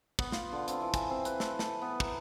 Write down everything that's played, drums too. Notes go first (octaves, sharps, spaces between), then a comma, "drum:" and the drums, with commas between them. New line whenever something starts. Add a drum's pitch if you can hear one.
B3, drum: kick
F4, drum: snare
D3
C4, drum: hi-hat
E3
G#5, drum: kick, hi-hat
C4
B4, drum: hi-hat
A4, drum: snare
A5, drum: snare
B3
A#4, drum: kick